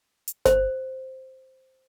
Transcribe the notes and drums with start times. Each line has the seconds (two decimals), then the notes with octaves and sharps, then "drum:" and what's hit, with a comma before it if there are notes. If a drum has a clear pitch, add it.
0.28 drum: hi-hat
0.45 C5, drum: snare G1